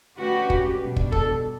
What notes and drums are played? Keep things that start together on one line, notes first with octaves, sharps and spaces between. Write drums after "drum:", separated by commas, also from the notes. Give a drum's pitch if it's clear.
D3 A3 C#4 F#4 G4 B4
drum: kick
B2 G3 D4
drum: kick
A4, drum: kick